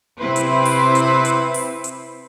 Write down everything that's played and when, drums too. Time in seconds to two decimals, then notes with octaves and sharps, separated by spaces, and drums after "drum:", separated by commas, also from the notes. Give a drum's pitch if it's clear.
0.21 C3 C4 E4 B4 C5
0.36 drum: hi-hat
0.65 drum: open hi-hat
0.95 drum: hi-hat
1.25 drum: hi-hat
1.54 drum: open hi-hat
1.84 drum: hi-hat